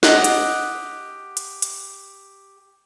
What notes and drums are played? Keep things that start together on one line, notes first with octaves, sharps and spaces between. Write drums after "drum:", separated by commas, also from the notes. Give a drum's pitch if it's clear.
G4 D#5 F#5, drum: snare
drum: hi-hat
drum: hi-hat
drum: hi-hat